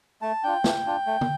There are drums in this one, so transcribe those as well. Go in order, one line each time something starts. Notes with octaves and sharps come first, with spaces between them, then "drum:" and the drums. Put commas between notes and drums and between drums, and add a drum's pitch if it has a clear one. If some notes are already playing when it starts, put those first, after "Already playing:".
A3 A5
D4 F4 G5
A3, drum: snare
D4 F4
A3
drum: tom